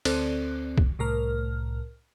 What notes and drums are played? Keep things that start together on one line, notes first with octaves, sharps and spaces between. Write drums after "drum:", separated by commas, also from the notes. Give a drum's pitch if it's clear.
D2 C4 A4 C5 D5 F#6, drum: cymbal
drum: kick
C2 A2 A#4 F6